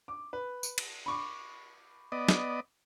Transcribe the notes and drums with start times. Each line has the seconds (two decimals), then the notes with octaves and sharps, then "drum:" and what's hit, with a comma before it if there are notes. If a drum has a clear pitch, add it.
0.08 D6
0.33 B4
0.63 drum: tambourine
0.78 drum: cymbal
1.06 B5 C#6 D6
2.12 B3 D5 D#5
2.29 drum: snare